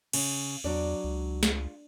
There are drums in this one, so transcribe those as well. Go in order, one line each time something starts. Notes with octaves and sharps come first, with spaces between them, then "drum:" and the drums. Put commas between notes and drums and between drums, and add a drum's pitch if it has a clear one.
C#3, drum: cymbal
E2 F#3 D4 D5
C#2
F4, drum: snare